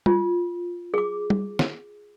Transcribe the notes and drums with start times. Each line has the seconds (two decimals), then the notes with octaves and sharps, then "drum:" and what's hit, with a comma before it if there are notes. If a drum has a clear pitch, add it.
0.06 F4, drum: tom
0.94 G#4 D6
1.30 drum: tom
1.59 drum: snare